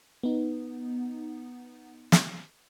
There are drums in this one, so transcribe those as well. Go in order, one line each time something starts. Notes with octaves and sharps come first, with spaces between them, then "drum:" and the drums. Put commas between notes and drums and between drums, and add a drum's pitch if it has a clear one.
B3 D#4
drum: snare